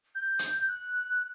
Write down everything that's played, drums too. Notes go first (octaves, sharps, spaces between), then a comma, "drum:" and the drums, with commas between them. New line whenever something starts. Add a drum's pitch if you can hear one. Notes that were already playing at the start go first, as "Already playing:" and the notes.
G6
drum: hi-hat
F#6